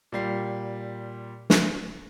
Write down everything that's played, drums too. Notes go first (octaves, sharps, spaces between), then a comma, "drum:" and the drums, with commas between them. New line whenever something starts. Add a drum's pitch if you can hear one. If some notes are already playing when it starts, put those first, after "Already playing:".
A#2 G3 C7
drum: snare